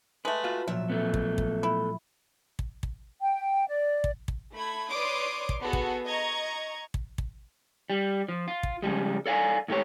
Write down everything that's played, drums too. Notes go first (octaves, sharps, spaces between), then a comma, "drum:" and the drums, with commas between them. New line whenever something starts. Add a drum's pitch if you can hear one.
G#3 A3 B4
F4 F#4 F5
A#2 F3 F#3 E5
A3 B3
drum: kick
drum: kick
E4
drum: kick
drum: kick
G5
D5
drum: kick
drum: kick
A3 B5 G#6
B4 C#5 D5 C6 D6 D#6
drum: kick
B3 F#4 G#4 A4
drum: kick
D#5 A#5 C#6 G#6
drum: kick
drum: kick
G3
F3
F4
drum: kick
C#3 F3 G3 G#3
A4 D5 F5 G5 G#5
G#2 A3 G4 C#5